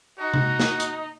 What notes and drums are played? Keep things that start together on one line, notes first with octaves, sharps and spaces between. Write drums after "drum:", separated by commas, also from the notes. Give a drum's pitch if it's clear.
D#4 F#4
drum: tom C3
drum: snare
drum: hi-hat